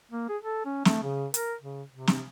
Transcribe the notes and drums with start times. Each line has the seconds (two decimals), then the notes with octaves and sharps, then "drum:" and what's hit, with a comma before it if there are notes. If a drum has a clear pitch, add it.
0.12 A#3
0.29 G#4
0.43 A4
0.65 C#4
0.85 A3, drum: snare
1.03 C#3
1.34 A#4, drum: hi-hat
1.62 C#3
1.91 C3
2.07 drum: snare